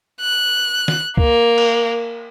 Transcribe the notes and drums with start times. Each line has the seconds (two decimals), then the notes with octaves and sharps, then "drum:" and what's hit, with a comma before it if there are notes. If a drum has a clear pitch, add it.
0.21 F#6
0.88 drum: snare
1.17 A#3, drum: kick C2
1.58 drum: cymbal